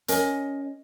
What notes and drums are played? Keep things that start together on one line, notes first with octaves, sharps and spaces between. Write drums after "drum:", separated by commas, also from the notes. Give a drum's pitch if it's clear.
C#4 A#4 D#5 G#5, drum: hi-hat